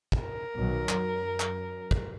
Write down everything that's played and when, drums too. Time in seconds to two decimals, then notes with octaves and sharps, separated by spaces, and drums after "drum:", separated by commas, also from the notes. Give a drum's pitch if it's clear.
0.12 drum: kick
0.22 A#4
0.55 B1 D#3 F#3
0.89 F#2, drum: clap
1.40 drum: clap
1.91 drum: kick